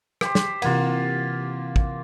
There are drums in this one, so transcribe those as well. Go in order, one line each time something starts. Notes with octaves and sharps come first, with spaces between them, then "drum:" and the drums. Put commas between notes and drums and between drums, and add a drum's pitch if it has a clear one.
G4 C5, drum: rim click
drum: snare
C3 E3 A#3 F4 F#5, drum: cymbal
drum: kick